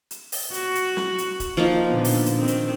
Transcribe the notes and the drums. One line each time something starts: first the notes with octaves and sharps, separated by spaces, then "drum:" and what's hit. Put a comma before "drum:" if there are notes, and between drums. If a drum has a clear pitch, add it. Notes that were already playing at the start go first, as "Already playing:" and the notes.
drum: hi-hat
drum: open hi-hat
F#4, drum: hi-hat
drum: hi-hat
drum: snare
drum: hi-hat
drum: kick D1, hi-hat
F3 A#3 D#4
A#2 D3 B3
drum: open hi-hat
drum: hi-hat
D#3 C4
drum: hi-hat